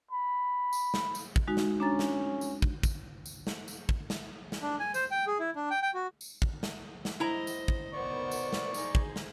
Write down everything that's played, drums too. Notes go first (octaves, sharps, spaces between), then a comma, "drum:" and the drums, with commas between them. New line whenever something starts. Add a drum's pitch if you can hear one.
B5
drum: tambourine
drum: snare
drum: tambourine
drum: kick
G#3 D#4 F#4
drum: snare
C#4 D4 A#5 A6
drum: snare
drum: tambourine
drum: kick
drum: kick, tambourine
drum: tambourine
drum: snare
drum: tambourine
drum: kick
drum: snare
drum: snare
D4
G#5
C5, drum: tambourine
G5
G#4
E4
D4
G5
G5
F#4
drum: tambourine
drum: kick
drum: snare
drum: snare
E4 C5 D#5 A#5
drum: tambourine
drum: kick
B2 D#3 B3 C5 D5 C#6
drum: tambourine
drum: snare
D#4 G#4 C5, drum: tambourine
drum: kick
drum: snare